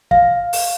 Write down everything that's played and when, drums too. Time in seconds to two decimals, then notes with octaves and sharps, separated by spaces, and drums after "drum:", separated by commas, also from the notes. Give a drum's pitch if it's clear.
0.11 F5, drum: kick
0.53 drum: open hi-hat